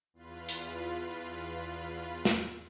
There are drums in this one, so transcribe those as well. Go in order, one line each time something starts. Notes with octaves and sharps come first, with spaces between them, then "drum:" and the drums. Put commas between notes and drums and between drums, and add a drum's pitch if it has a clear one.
E2 F4 B4
drum: hi-hat
drum: snare